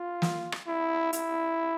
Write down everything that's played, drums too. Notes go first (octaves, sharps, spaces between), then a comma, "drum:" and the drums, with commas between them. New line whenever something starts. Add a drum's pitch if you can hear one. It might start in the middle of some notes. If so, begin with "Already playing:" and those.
Already playing: F4
drum: snare
drum: rim click
E4
E4, drum: hi-hat